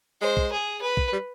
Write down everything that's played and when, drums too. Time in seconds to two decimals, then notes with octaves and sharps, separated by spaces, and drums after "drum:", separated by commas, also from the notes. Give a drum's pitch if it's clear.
0.22 G#3 C5
0.37 drum: kick
0.52 G#4
0.81 B4
0.97 drum: kick
1.13 G3